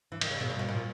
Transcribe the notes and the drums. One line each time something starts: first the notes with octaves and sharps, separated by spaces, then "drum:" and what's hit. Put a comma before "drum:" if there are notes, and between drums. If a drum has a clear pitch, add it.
E3
D#3, drum: cymbal
C#3
B2
A#2
B2
A#2